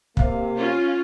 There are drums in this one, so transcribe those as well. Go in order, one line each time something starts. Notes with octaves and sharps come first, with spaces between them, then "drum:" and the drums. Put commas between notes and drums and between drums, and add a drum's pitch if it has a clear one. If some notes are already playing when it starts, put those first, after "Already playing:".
C3 A#3 F5, drum: kick
C#4 F4